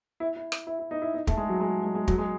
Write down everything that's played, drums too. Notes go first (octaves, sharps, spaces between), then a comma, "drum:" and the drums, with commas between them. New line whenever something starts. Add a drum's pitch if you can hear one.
E4
E4
drum: rim click
E4
E4
D#4
E4
D#4
A3, drum: kick
G#3
F#3
G#3
G#3
G#3
F#3, drum: kick
G#3